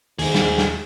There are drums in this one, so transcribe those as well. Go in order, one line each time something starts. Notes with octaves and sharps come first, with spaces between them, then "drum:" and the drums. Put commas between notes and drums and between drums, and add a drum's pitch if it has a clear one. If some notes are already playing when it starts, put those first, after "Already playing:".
D#2 G#2 E4 G#4, drum: open hi-hat
drum: snare
drum: snare